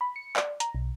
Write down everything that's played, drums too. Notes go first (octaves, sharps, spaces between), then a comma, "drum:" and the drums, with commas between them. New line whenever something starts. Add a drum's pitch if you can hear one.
B5
C#7
D5, drum: clap
A#5, drum: hi-hat
B1